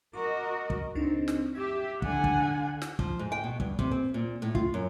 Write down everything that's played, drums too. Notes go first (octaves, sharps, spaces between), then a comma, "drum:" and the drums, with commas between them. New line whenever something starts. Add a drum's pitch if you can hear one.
F#4 A#4 D#5 D6
drum: kick
C#2 C4 D4 D#4
drum: snare
G4 E5 G#6
D3 F#5 G#5, drum: kick
drum: kick
drum: snare
F3, drum: kick
G#2
G5
B2
G2, drum: kick
C3, drum: kick
C4
A#2
A2
F4, drum: kick
F#2